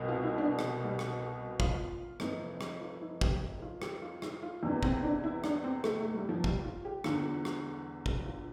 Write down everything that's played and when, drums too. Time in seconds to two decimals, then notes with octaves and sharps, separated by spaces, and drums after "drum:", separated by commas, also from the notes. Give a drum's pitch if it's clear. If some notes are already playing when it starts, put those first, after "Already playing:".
Already playing: C2 B2
0.08 F4
0.23 E4
0.38 D4
0.59 drum: rim click
0.84 G3
0.99 drum: rim click
1.60 F4, drum: kick
2.20 F1 F2 E3, drum: rim click
2.61 drum: rim click
2.81 F4
3.01 E4
3.21 G4, drum: kick
3.62 F4
3.82 G4, drum: rim click
4.02 F4
4.22 E4, drum: rim click
4.43 F4
4.62 E2 C3 E3 D4
4.83 C4, drum: kick
5.03 D4
5.24 E4
5.44 D4, drum: rim click
5.64 C4
5.84 A3, drum: rim click
5.99 A3
6.14 G3
6.29 F3
6.44 G3, drum: kick
6.64 F4
6.85 G4
7.04 E2 D3 F4, drum: rim click
7.45 drum: rim click
8.06 drum: kick
8.26 F4